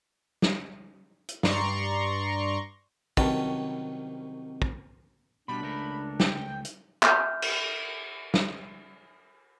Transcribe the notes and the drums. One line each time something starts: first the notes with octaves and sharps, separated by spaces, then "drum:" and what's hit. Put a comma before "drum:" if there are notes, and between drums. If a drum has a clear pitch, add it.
drum: snare
drum: hi-hat
G2 D5 A#5 C6 C#6, drum: snare
C2 D#3 F#3 C#4 B4 A5, drum: kick
drum: kick
B2 G3 D4 B5
C#2 A3 A#4
G5, drum: snare
drum: hi-hat
E5 F6 G6, drum: clap
drum: cymbal
drum: snare